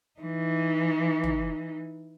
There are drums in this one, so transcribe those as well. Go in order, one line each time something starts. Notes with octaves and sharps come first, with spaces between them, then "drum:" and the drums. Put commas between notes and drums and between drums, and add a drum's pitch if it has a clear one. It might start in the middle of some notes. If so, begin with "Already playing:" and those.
E3 D#4
drum: tom